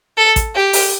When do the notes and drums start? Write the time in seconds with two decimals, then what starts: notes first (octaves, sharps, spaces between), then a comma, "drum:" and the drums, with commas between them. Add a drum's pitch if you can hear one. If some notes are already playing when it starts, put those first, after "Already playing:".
0.17 A4
0.36 drum: kick A1, hi-hat
0.55 G4
0.73 drum: open hi-hat